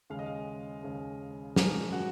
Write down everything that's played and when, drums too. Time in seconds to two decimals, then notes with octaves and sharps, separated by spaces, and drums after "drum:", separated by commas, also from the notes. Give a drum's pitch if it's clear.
0.10 D#2 C#3 G#3 F5
0.19 D#5
0.26 F5
0.83 D#2 C#3 G#3
1.56 G#1 F#2 F3 G#3 A#4, drum: snare
1.92 F#4